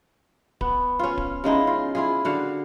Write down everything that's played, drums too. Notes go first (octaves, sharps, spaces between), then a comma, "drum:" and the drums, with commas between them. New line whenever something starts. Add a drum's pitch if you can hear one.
B3, drum: kick D1
C#4 F4
drum: kick D1
C#3 G#3 D#4 E4
F4
E4 F4 G#4
D3 F#4 F5